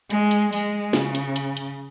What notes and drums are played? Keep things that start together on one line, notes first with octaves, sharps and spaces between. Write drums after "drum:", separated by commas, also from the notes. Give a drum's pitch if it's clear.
G#3, drum: hi-hat
drum: hi-hat
G#3, drum: open hi-hat
C#3, drum: snare
drum: hi-hat
drum: hi-hat
drum: hi-hat